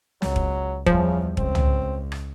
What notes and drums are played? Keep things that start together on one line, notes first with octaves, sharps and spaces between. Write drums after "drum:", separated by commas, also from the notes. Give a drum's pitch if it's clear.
C#2 F#3, drum: snare
drum: kick
E2 C#3 F3 G3, drum: kick
C#2 C4, drum: kick
drum: tom
drum: rim click